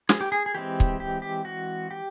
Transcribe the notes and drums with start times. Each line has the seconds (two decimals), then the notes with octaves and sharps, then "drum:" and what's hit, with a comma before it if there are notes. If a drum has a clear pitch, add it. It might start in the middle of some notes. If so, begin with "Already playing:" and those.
0.09 G#4, drum: snare
0.21 G4
0.32 G#4
0.46 G#4
0.55 E3 G#3 C4 G4
0.80 drum: kick
1.00 G4
1.22 G4
1.45 F#4
1.91 G4